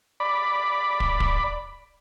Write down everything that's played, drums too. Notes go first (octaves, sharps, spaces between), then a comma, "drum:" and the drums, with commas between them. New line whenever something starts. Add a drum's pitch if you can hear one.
D5 B5
drum: kick
drum: kick